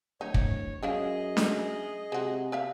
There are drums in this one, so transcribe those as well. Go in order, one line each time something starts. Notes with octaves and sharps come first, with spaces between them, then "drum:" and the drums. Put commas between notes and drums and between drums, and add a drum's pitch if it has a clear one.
D1 D#4 C#5
drum: kick
F#2 G#3 C#4 G#4 D#5 F5
drum: snare D4
C3 G#3 F#4
A#4 E5 F5